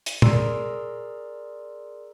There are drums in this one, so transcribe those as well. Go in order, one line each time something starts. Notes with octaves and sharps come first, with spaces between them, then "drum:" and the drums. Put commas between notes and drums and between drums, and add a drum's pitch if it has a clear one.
drum: hi-hat
G#4 A#4 D5 A#5 C6 E6, drum: tom